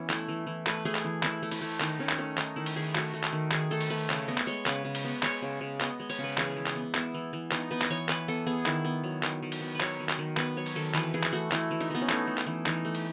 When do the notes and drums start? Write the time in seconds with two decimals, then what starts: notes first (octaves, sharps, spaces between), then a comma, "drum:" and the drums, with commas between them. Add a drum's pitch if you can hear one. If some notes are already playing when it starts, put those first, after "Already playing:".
Already playing: E3 B3 C#4
0.09 A3 E4, drum: clap
0.28 E3
0.47 E3
0.66 A3 B4, drum: clap
0.85 A3 G#4
0.95 drum: clap
1.04 E3
1.23 E3 E4, drum: clap
1.43 A3
1.51 E4, drum: cymbal
1.61 A3
1.80 D#3 D#4, drum: clap
1.99 D#3 C#4
2.09 drum: clap
2.18 A3 C#4
2.37 A3 D#4, drum: clap
2.56 D#3 E4
2.66 drum: cymbal
2.76 D#3 G#4
2.95 A3 F#4, drum: clap
3.14 A3
3.23 drum: clap
3.32 D#3
3.51 D#3 G#4, drum: clap
3.71 A3 A4
3.80 drum: cymbal
3.90 A3 B4
4.10 C#3, drum: clap
4.28 B3 D#5
4.38 drum: clap
4.47 G#3 C#5
4.66 C#3 B4, drum: clap
4.85 C#3
4.95 drum: cymbal
5.04 B3
5.23 G#3 C#5, drum: clap
5.42 C#3
5.61 C#3
5.80 B3 D#5, drum: clap
6.00 G#3
6.10 C#5, drum: cymbal
6.19 C#3
6.24 B4
6.38 E3 G#4, drum: clap
6.56 E3
6.66 drum: clap
6.76 B3
6.94 B3 E4, drum: clap
7.14 E3
7.33 E3
7.51 B3 D#4, drum: clap
7.71 B3 B4
7.81 D#5, drum: clap
7.90 E3 C#5
8.09 E3 B4, drum: clap
8.28 B3 A4
8.46 B3 G#4
8.66 D#3 E4, drum: clap
8.85 B3
9.04 F#3
9.23 D#3, drum: clap
9.43 D#3
9.52 drum: cymbal
9.61 B3
9.75 B4
9.80 F#3 C#5, drum: clap
10.00 D#3
10.09 drum: clap
10.19 D#3
10.37 B3 B4, drum: clap
10.57 F#3 C#5
10.66 drum: cymbal
10.75 D#3 A4
10.94 E3 B4, drum: clap
11.14 E3 G#4
11.23 drum: clap
11.33 A3 F#4
11.51 A3 E4, drum: clap
11.71 E3
11.81 D#4, drum: cymbal
11.90 E3 B3
12.01 C#4
12.09 A3 D#4, drum: clap
12.27 A3
12.38 drum: clap
12.47 E3
12.66 E3 D#4, drum: clap
12.85 A3
12.95 drum: cymbal